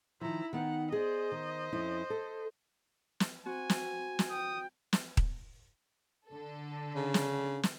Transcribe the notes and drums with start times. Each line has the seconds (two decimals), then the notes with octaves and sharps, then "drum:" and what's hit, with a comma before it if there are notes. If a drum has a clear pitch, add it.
0.21 D#3 F3 E4 A#5
0.53 D#3 B3 D#4 F#5
0.92 G#4 C5 D5 D#5
1.32 D#3
1.73 F2 C#4 E4
2.10 A4
3.20 drum: snare
3.45 C4 F#4 G#5
3.70 drum: snare
4.19 drum: snare
4.31 G5 D#6
4.93 drum: snare
5.17 drum: kick D#1
6.28 D3 A4
6.95 C#3
7.14 drum: snare
7.63 drum: snare